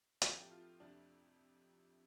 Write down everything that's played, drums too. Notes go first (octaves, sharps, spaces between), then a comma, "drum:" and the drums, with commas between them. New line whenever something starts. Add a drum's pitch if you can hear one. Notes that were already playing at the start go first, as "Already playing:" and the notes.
A2 F3 A3 C4 A4, drum: hi-hat
G4
F4
F2 C3 A3 D4